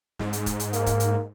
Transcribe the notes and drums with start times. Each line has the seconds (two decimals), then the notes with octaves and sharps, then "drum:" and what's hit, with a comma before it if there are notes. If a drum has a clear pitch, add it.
0.19 G#2, drum: snare
0.33 drum: hi-hat
0.46 drum: kick, hi-hat
0.60 drum: hi-hat
0.73 A#3, drum: hi-hat
0.86 drum: kick, hi-hat
1.00 drum: hi-hat